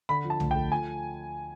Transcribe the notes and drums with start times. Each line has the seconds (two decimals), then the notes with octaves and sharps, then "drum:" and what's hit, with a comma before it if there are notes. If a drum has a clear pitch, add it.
0.09 D3 B5
0.24 F3
0.30 A5
0.40 D2, drum: tom B1
0.51 G5
0.55 A3
0.72 F3 G#5